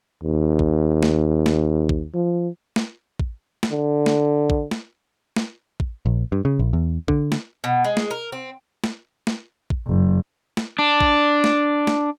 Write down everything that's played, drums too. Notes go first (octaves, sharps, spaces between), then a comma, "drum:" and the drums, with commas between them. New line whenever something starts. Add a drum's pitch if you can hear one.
D#2
drum: kick
drum: snare
drum: snare
drum: kick
F3
drum: snare
drum: kick
drum: snare
D3
drum: snare
drum: kick
drum: snare
drum: snare
drum: kick
A#1
G2
C#3
A#1
E2
D3, drum: kick
drum: snare
B2
G#3
drum: snare
A#4
C4
drum: snare
drum: snare
drum: kick
F#1
drum: snare
D4
drum: kick
drum: snare
drum: snare